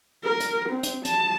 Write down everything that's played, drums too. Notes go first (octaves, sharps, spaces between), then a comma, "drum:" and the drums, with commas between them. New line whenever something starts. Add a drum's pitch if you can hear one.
A#4
drum: hi-hat
C4
drum: hi-hat
A5, drum: hi-hat